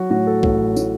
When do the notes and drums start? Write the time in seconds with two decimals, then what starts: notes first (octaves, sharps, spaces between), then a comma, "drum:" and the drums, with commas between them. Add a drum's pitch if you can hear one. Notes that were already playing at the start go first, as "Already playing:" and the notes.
Already playing: F#3 F#4
0.10 A2 F#4
0.27 A4
0.43 A1 A4, drum: kick C2
0.76 A2, drum: tambourine